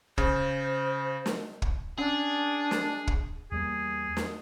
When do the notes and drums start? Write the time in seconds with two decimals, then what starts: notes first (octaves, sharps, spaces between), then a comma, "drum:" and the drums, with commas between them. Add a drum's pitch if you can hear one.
0.18 C#3 C5, drum: kick
1.26 drum: snare
1.62 drum: kick
1.98 C#4 D4 G#4
2.71 drum: snare
3.07 drum: kick
3.52 E2 G3 A#3 G#4
4.17 drum: snare